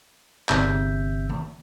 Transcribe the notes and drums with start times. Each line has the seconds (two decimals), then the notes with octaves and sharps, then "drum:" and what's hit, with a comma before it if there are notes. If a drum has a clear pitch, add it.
0.49 G1 C3 E5 G6, drum: clap
1.29 drum: tom D#3